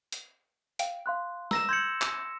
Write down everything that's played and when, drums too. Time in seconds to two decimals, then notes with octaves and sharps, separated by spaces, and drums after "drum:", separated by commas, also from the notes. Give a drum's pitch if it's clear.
0.12 drum: hi-hat
0.79 F5 G5 D7, drum: hi-hat
1.06 F5 C6 F#6
1.51 A#5 E6 A#6 E7, drum: snare
1.69 C6 G6 G#6 C#7 F#7
2.01 drum: clap